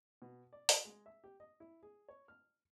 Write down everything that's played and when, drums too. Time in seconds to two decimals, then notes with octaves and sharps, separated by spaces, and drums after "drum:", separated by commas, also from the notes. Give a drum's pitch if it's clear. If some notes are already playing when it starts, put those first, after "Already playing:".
0.22 B2
0.53 D5
0.69 F#4, drum: open hi-hat
0.85 G#3
1.06 E5
1.24 G4
1.40 D#5
1.60 E4
1.83 G#4
2.08 C#5
2.28 F6